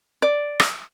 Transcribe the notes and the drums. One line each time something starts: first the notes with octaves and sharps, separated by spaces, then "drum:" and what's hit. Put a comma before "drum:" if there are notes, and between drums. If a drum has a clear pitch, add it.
D5
drum: rim click